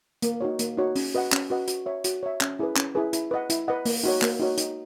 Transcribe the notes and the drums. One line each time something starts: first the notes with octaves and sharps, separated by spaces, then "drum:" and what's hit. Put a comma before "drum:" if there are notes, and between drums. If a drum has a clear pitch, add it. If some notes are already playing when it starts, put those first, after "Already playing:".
A#3, drum: hi-hat
D#4 F#4 C#5
A#3, drum: hi-hat
D#4 F#4 C#5
C#4, drum: open hi-hat
F#4 B4 D#5 F#5
C#4, drum: clap
F#4 B4 D#5 F#5
F#4, drum: hi-hat
C#5 E5
F#4, drum: hi-hat
C#5 E5
C#4, drum: clap
E4 G#4 B4
C#4, drum: clap
E4 G#4 B4
E4, drum: hi-hat
B4 D#5 F#5
E4, drum: hi-hat
B4 D#5 F#5
A#3, drum: open hi-hat
D#4 F#4 C#5
A#3, drum: clap
D#4 F#4 C#5
D#4, drum: hi-hat